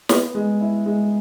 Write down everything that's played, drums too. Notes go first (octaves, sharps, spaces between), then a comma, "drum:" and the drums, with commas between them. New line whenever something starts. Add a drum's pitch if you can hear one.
B3, drum: snare
G#3
E4
G#3